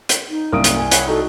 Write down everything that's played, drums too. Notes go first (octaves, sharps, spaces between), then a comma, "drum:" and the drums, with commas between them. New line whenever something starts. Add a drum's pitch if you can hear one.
drum: hi-hat
D#4
C2 F#2 A#3 A#4 D#6 D7
drum: hi-hat
G#5
E4 C#5 F#5, drum: hi-hat
D#4 F#4 A4